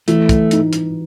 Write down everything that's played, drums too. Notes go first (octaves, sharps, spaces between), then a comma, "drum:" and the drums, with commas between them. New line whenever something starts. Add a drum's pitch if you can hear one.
E3 A3, drum: hi-hat
drum: kick, hi-hat
D#4, drum: hi-hat
drum: hi-hat